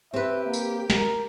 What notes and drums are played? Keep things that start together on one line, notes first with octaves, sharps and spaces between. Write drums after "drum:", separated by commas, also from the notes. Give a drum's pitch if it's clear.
C4 G4 B4 E5
A#3
drum: tambourine
A#4, drum: snare